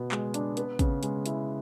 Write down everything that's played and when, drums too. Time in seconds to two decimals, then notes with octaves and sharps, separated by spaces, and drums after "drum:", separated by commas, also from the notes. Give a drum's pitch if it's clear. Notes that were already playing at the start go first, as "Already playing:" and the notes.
Already playing: B2 B3
0.12 G#3, drum: clap
0.34 D4, drum: hi-hat
0.57 B3, drum: hi-hat
0.79 C#3, drum: kick, hi-hat
1.03 G#3, drum: hi-hat
1.26 E4, drum: hi-hat